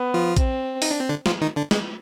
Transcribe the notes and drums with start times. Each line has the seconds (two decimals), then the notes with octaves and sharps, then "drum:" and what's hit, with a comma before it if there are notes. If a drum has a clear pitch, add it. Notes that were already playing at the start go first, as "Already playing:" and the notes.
Already playing: B3
0.14 F3 F4
0.37 C4, drum: kick A#1, hi-hat
0.82 D#4, drum: open hi-hat
0.91 D4
1.00 C4
1.09 D3 D4
1.26 F3 F4, drum: snare
1.41 D#3 D#4
1.56 D3 D4
1.71 G#3, drum: snare